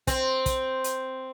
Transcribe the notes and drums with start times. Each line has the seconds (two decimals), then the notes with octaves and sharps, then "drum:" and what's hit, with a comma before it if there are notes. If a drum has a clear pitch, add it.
0.07 C4, drum: kick, hi-hat
0.46 drum: kick, hi-hat
0.84 drum: hi-hat